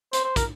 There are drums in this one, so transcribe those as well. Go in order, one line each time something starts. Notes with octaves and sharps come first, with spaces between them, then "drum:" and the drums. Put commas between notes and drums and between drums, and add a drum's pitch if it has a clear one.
C5, drum: hi-hat
C5
A#4, drum: kick, hi-hat